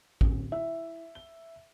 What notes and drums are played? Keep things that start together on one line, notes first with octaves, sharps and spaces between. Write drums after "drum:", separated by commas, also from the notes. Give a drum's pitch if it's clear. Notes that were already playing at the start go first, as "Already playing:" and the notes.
D1 C#4, drum: kick A1
E4 E5 E6
G7